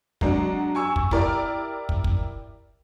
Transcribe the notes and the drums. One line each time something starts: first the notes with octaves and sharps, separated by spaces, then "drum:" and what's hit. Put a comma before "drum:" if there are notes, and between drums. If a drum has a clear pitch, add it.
F#3 G#3 D4 F#4, drum: kick
G#5 C#6 E6
drum: kick
E4 G4 A#4 D5, drum: kick
drum: kick
drum: kick